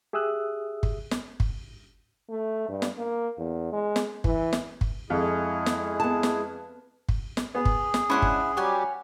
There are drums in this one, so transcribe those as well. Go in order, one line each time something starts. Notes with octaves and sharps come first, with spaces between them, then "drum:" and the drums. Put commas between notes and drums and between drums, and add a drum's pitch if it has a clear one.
G4 G#4 E5 D#6 E6 F#6
drum: kick
drum: snare
drum: kick
A3
G2
drum: snare
A#3
E2
G#3
drum: snare
E3, drum: kick
drum: snare
drum: kick
F2 G#3 E4 G#4
drum: snare
B3 A5
drum: snare
drum: kick
drum: snare
B3 G#4
drum: kick
drum: snare
G#3 C#4 D4 E4 F#5 C6
drum: kick
F#3 G3 G4 C#5 F#5 G#5